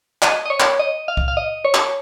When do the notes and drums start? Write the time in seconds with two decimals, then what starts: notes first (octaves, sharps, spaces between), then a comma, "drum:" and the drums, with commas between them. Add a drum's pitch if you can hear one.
0.22 D#5, drum: clap
0.46 D#5
0.50 C#5
0.60 drum: clap
0.79 D#5
1.08 F5
1.17 drum: kick C2
1.28 F5
1.37 D#5
1.65 C#5
1.74 drum: clap